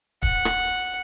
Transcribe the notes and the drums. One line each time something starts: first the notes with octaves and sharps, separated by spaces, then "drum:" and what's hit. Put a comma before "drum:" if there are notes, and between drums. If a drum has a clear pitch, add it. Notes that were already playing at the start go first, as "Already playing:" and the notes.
F#5, drum: kick
drum: rim click